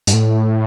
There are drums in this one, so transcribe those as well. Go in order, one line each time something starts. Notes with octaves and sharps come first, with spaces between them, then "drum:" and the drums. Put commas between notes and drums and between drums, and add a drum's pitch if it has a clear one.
G2, drum: hi-hat
A2